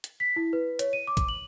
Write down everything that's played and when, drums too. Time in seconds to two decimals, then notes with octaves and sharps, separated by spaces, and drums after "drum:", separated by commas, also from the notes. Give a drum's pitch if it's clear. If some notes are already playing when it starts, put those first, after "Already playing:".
0.04 drum: hi-hat
0.20 B6
0.36 E4
0.53 B4
0.79 C#5, drum: hi-hat
0.93 D#7
1.07 D6
1.17 drum: kick, hi-hat
1.29 F#7